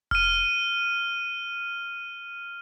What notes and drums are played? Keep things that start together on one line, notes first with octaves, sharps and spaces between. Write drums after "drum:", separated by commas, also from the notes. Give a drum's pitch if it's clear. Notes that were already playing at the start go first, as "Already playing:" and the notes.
F6 D#7, drum: kick F1